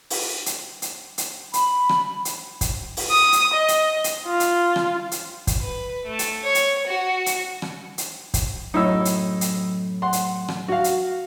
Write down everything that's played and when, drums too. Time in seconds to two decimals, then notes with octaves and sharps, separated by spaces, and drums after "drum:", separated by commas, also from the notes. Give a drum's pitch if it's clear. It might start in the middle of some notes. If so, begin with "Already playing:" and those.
0.10 drum: open hi-hat
0.46 drum: hi-hat
0.82 drum: hi-hat
1.18 drum: hi-hat
1.54 B5, drum: hi-hat
1.89 drum: rim click
2.25 drum: hi-hat
2.61 drum: kick, hi-hat
2.97 drum: open hi-hat
3.11 D#6
3.33 drum: hi-hat
3.54 D#5
3.68 drum: hi-hat
4.04 drum: hi-hat
4.26 F4
4.40 drum: hi-hat
4.76 drum: rim click
5.11 drum: hi-hat
5.47 drum: kick, hi-hat
5.61 B4
6.06 A3
6.19 drum: hi-hat
6.44 C#5
6.55 drum: hi-hat
6.86 F#4
7.26 drum: hi-hat
7.62 drum: rim click
7.98 drum: hi-hat
8.34 drum: kick, hi-hat
8.74 F#2 A2 D#4 E4 E6
9.05 drum: hi-hat
9.41 drum: hi-hat
10.02 F#5 C6
10.13 drum: hi-hat
10.48 drum: rim click
10.68 F#4 F5
10.84 drum: hi-hat